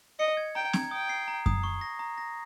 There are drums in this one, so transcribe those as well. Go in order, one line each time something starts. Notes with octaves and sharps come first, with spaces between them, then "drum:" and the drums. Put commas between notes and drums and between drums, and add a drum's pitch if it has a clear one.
D#5 C#7
G#6
G5 A#5
G#6, drum: snare C4
G5 D#6
C7
A#5
D#6, drum: kick F#2
C#6
A#6
A#5
A#6